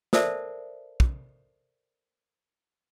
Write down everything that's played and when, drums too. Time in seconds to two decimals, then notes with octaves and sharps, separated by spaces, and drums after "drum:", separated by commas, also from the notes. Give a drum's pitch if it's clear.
0.13 A4 A#4 C5 D5 E5 A5, drum: snare
1.00 drum: kick